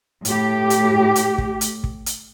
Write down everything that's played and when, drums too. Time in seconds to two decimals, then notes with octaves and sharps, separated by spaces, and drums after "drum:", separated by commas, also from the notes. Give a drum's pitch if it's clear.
0.25 A2 G4, drum: hi-hat
0.70 drum: hi-hat
1.16 drum: hi-hat
1.38 drum: kick
1.61 drum: hi-hat
1.84 drum: kick
2.06 drum: hi-hat